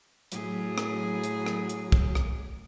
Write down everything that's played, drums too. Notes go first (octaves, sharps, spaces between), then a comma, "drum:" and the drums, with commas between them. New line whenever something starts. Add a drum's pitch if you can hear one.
A2 F#3 G#4, drum: hi-hat
drum: rim click
drum: hi-hat
drum: rim click
drum: hi-hat
drum: kick
drum: rim click